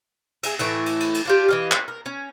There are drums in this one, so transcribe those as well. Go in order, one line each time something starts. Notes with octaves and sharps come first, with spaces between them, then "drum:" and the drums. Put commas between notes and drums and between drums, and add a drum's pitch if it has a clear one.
G#4 E5, drum: cymbal
A2 E3 E5, drum: cymbal
drum: cymbal
drum: cymbal
drum: cymbal
D4 F4 G4
E3 D#5 F5
drum: clap
A#4
C#4